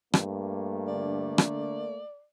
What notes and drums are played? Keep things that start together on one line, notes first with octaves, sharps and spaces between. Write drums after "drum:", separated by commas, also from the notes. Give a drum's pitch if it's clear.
G2 A3 A#3, drum: rim click
D3 D5
drum: rim click